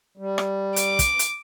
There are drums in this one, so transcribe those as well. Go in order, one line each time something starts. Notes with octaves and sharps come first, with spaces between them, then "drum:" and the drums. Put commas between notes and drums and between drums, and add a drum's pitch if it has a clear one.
G3
drum: rim click
D6, drum: hi-hat
drum: kick, hi-hat
drum: hi-hat